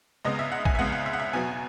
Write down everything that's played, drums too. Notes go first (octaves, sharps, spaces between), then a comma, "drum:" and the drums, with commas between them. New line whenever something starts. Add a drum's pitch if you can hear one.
C#2 C#3 G#3 B3 D#5
E5
F#5
G#5, drum: kick
E5
C#2 C#3 G#3 B3 F#5
F#5
E5
F#5
E5
E2 B2 F#3 B3 G#5